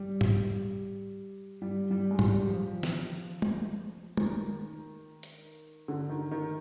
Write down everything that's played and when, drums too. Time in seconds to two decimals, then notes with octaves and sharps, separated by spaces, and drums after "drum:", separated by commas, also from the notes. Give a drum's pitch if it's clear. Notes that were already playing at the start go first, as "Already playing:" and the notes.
Already playing: G3
0.21 drum: tom G#2
1.62 G3
1.91 G3
2.11 G#3
2.19 G3, drum: tom G#2
2.47 F3
2.83 drum: snare
3.42 drum: tom
4.17 D#3, drum: tom
5.23 drum: hi-hat
5.88 D3
6.09 D#3
6.31 D#3